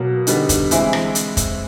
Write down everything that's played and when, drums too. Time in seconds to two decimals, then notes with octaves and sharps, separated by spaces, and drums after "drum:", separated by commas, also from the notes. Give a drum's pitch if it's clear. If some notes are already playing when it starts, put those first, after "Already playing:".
Already playing: B2 F#3 A#3
0.27 D3 G3 B3 D#4, drum: hi-hat
0.49 drum: kick, hi-hat
0.71 E3 G#3 C4 E4, drum: hi-hat
0.93 drum: rim click
1.15 drum: hi-hat
1.37 drum: kick, hi-hat